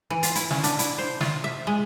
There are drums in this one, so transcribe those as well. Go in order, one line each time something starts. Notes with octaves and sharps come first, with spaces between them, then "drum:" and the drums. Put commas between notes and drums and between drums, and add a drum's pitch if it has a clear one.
E3
F4, drum: hi-hat
E4, drum: hi-hat
C#4, drum: snare
D4, drum: hi-hat
E4, drum: hi-hat
C5
F4, drum: snare
E5
G#3